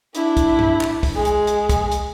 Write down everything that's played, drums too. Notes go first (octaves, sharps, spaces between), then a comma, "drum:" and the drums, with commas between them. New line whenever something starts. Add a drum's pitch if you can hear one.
D4 E4, drum: hi-hat
drum: kick, hi-hat
drum: tom G2
drum: clap
drum: kick, open hi-hat
G#3
drum: hi-hat
drum: hi-hat
drum: kick, hi-hat
drum: hi-hat